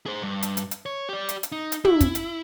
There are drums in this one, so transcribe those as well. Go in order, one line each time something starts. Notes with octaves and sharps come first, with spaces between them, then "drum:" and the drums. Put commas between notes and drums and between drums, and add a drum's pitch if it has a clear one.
G#4 C5
G2
drum: hi-hat
drum: hi-hat
drum: hi-hat
C#5
G4 D5
drum: hi-hat
drum: hi-hat
D#4
drum: hi-hat
E4, drum: tom
drum: kick, hi-hat
drum: hi-hat